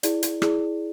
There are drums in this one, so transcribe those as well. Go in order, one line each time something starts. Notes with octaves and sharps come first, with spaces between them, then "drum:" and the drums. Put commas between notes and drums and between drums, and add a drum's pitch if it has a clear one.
E4 G#4 D5, drum: hi-hat
drum: hi-hat
E4 G#4 D5, drum: rim click